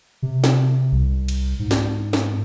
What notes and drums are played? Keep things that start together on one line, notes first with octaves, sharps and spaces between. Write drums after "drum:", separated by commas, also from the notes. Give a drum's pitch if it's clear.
C3
drum: snare
C2
drum: cymbal
G#2
drum: snare
drum: snare